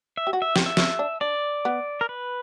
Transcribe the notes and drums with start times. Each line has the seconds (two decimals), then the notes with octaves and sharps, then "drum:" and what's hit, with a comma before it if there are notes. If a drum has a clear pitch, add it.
0.17 E5
0.27 G4
0.33 F#4
0.42 E5
0.56 G4, drum: snare
0.66 E5
0.77 E4, drum: snare
0.99 D4
1.21 D4 D5
1.65 B3
2.01 A#4
2.09 B4